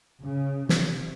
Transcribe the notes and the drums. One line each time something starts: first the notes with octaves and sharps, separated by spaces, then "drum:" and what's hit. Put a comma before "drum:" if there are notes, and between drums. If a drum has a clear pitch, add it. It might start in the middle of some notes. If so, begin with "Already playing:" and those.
C#3
C3, drum: snare